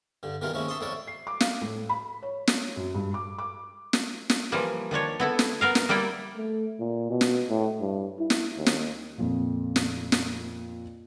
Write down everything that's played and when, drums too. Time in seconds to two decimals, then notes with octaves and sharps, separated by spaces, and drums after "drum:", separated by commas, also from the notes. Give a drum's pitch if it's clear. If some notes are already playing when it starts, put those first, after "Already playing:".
0.23 G2 D3
0.41 B2 D#3 E3 G3 F4 A#4
0.54 D#2 F3 G#3 C#4 E4
0.68 E5 A5 C6 C#6 D#6
0.81 F2 A2 E4 C#5 D5 A5
1.07 C7
1.27 D6
1.40 F5, drum: snare
1.61 A2
1.89 B5
2.22 C#5
2.47 drum: snare
2.76 F#2
2.95 G2
3.14 D6
3.38 D6
3.93 drum: snare
4.30 drum: snare
4.52 E3 F3 G3 A#3
4.91 D#3 F3 D4 C#5
5.20 B3 E4 A4
5.39 drum: snare
5.61 B3 A#4 F5
5.75 drum: snare
5.89 G3 A#3 E4 D5 G5
6.36 A3
6.80 A#2
7.10 B2
7.21 drum: snare
7.49 A2
7.80 G2
8.19 E4
8.30 drum: snare
8.57 D#2
8.66 drum: snare
9.18 F2 A#2
9.76 drum: snare
10.12 drum: snare